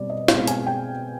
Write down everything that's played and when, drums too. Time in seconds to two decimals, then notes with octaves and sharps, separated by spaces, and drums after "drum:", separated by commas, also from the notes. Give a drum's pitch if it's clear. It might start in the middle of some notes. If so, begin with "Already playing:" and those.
Already playing: B2 G3 C4 D5
0.10 D#5
0.28 B2 G#3 C4 F5, drum: snare
0.47 G#5, drum: hi-hat
0.66 G5